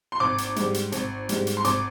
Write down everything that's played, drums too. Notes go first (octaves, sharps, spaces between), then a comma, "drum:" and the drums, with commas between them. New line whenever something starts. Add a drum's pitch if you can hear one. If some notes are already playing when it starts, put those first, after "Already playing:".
C6
G#1 D6
drum: hi-hat
G#2 G3, drum: hi-hat
drum: hi-hat
G#1, drum: hi-hat
G#2 G3, drum: hi-hat
drum: hi-hat
C6
G#1 D6, drum: hi-hat